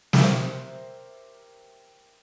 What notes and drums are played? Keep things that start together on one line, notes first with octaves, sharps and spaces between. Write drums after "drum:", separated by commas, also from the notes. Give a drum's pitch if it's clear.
G4 A#4 C5 E5, drum: snare